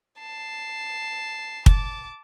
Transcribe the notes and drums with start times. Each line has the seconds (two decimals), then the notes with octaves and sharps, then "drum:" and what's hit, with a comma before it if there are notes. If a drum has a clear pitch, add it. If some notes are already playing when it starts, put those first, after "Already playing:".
0.19 A5 C7
1.66 A5 D6, drum: kick